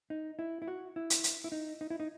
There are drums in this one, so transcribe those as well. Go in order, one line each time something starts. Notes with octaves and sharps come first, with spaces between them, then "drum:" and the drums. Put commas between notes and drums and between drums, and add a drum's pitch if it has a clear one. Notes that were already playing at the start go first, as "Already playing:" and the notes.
D#4
E4
E4
F#4
E4
drum: hi-hat
drum: hi-hat
E4
D#4
D#4
E4
D#4